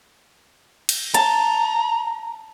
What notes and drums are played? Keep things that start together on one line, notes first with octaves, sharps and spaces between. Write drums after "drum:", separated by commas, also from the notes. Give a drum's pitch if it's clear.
drum: cymbal
A5 A#5, drum: hi-hat